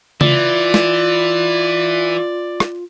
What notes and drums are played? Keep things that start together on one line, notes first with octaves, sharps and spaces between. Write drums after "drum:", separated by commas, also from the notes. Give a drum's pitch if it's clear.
E3 F4 D5, drum: tom C#3
drum: snare
drum: rim click